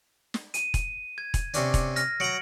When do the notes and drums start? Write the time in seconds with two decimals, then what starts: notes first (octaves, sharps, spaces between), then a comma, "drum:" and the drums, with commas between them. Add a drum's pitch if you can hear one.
0.34 drum: snare
0.54 D#7, drum: hi-hat
0.74 drum: kick E1, hi-hat
1.18 G#6
1.34 drum: kick E1, hi-hat
1.54 C3 C#4 D4, drum: hi-hat
1.74 drum: kick E1, hi-hat
1.96 F6 A#6, drum: hi-hat
2.20 F#3 A#5 C#7 D7 F#7